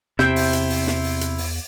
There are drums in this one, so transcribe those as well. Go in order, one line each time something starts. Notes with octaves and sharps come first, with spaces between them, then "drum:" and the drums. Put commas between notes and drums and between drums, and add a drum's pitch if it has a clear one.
E2 C3 E4 C5 E5 G5, drum: snare
drum: open hi-hat
drum: hi-hat
drum: open hi-hat
drum: snare
drum: open hi-hat
drum: hi-hat
drum: open hi-hat